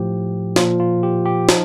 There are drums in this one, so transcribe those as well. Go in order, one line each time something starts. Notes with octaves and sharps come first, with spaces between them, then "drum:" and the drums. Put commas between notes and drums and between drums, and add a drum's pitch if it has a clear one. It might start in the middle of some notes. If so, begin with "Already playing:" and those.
Already playing: A2 F3 G4
A#2 F3 F4, drum: snare
F4
G4
G4
F3 D#4, drum: snare